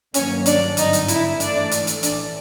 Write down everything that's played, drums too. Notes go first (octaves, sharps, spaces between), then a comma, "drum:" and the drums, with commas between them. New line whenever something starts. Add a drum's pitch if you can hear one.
G2 D#3 F#3 A#3 C#4 C#5, drum: hi-hat
D4 D5, drum: hi-hat
G#1 G2 D3 D#4 D#5, drum: hi-hat
drum: hi-hat
E4 E5, drum: hi-hat
G#2 E3 A3 D4 D5, drum: hi-hat
drum: hi-hat
drum: hi-hat
A1 A2 E3 D4 D5, drum: hi-hat